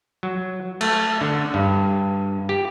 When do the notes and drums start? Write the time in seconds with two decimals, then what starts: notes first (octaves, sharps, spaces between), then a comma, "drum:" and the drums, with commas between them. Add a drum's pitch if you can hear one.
0.23 F#3
0.81 A3, drum: cymbal
1.21 D3
1.54 G2
2.49 G4